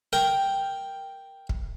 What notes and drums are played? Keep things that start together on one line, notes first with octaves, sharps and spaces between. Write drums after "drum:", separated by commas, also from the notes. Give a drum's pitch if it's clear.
A#4 G5
drum: kick